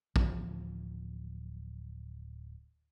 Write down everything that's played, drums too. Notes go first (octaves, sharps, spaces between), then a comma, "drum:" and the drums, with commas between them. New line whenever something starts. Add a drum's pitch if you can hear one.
D1 E3 F3, drum: kick A#1